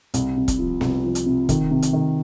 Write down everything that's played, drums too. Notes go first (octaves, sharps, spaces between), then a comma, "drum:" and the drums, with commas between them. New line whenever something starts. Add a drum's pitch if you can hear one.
C2, drum: hi-hat
C3
drum: kick E1, hi-hat
F3
C2, drum: snare B3
F3
drum: hi-hat
C3
D#3, drum: kick E1, hi-hat
C3
drum: hi-hat
D#3